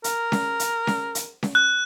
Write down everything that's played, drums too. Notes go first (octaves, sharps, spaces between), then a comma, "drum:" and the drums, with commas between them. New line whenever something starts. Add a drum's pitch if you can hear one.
A#4, drum: hi-hat
drum: snare C#4
drum: hi-hat
drum: snare C#4
drum: hi-hat
drum: snare C#4
F#6